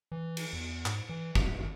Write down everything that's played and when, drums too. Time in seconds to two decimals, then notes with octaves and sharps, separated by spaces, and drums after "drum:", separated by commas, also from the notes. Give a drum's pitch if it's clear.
0.12 E3
0.37 drum: cymbal
0.53 E2
0.86 G#2, drum: clap
1.09 E3
1.35 D1, drum: kick
1.60 G#1